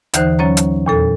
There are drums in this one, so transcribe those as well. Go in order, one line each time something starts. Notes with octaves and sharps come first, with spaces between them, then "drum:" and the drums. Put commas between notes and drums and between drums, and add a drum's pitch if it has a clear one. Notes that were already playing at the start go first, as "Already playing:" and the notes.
D#2 D3 E3 D#4 C5 F#6, drum: hi-hat
F#3 C#4 C#5 A#5
drum: hi-hat
E2 A#2 A4